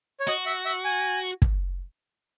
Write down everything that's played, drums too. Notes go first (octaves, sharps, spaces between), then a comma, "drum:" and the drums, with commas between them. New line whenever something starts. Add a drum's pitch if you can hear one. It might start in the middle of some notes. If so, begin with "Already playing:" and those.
C#5
F#4 D#5
E5
E5
G#5
drum: kick